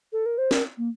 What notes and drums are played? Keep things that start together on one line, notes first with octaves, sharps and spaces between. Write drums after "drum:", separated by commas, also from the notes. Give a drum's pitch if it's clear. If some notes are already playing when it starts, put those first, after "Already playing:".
A4
A#4
C5
A#4, drum: snare
A#3